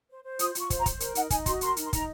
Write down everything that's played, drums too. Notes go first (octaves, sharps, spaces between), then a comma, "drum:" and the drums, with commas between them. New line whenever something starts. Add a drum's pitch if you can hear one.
C5
C5
F4 D#6, drum: hi-hat
F4 C#6, drum: hi-hat
C5, drum: kick, hi-hat
A#5
C5, drum: kick, hi-hat
A#4, drum: hi-hat
D#4 F#5, drum: hi-hat
D#4 G#5, drum: kick, hi-hat
F#4 C6, drum: kick, hi-hat
A#4 C6, drum: hi-hat
D#4, drum: hi-hat
C6
D#4 A#5, drum: kick, hi-hat